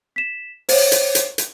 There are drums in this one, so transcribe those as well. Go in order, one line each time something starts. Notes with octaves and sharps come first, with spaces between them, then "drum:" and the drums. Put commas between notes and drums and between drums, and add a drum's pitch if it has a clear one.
B6 E7
C5 C#5, drum: open hi-hat
drum: hi-hat
drum: hi-hat
drum: hi-hat